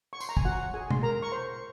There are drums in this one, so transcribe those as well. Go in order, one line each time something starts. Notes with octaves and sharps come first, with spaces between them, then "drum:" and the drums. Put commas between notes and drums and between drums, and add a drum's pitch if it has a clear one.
C#6
C6, drum: tambourine
A#5
G#5, drum: kick
F#4 F#5
G#4 G#5
C6, drum: tom
A#4 A#5
C#6
C5 C6